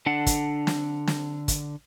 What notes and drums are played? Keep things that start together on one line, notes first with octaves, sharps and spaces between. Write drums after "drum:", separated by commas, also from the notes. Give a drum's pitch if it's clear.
D3 D4 A4 F#5
drum: kick, hi-hat
drum: snare
drum: snare
drum: kick, hi-hat